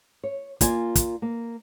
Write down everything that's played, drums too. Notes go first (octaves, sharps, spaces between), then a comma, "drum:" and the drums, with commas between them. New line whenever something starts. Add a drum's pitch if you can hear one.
C#5
A#3 F4 D5 G#5, drum: kick, hi-hat
drum: kick, hi-hat
A#3